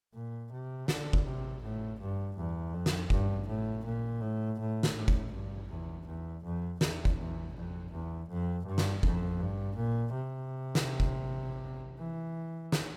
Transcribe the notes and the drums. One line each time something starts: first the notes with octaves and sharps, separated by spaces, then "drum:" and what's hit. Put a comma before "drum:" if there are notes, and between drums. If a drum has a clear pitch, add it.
A#2
C3
D3, drum: snare
drum: kick
C3
A2
G2
E2
F2
drum: snare
G2, drum: kick
A2
A#2
A2
A2
drum: snare
A2
drum: kick
G2
E2
E2
F2
E2, drum: snare
drum: kick
E2
F2
E2
F2
G2
drum: snare
F2, drum: kick
G2
A#2
C3
drum: snare
drum: kick
E3
drum: snare